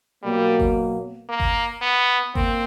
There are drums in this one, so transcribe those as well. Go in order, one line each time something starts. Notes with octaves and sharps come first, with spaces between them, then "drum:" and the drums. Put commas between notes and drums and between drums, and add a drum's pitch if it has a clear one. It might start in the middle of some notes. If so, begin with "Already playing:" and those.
B2 F#3 G3 A#3
drum: kick G1
A#3
drum: kick G1
B3
A#3 C4, drum: kick G1